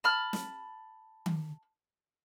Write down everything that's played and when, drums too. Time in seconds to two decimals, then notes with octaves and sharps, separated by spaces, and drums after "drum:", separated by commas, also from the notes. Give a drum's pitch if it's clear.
0.04 A5 B5 F6
0.33 drum: snare
1.26 drum: tom D#3